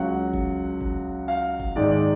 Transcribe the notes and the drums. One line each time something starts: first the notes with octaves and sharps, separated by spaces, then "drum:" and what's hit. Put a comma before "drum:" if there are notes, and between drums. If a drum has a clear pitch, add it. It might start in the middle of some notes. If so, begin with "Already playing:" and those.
Already playing: C#2 C#3 F#3 F#5
drum: kick G1
drum: kick G1
F5
drum: kick G1
G#2 D#3 G#3 D5
D5